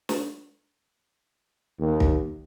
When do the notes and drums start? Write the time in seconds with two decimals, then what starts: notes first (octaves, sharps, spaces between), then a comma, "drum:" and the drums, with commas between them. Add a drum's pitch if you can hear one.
0.09 drum: snare
1.79 D#2
2.00 drum: kick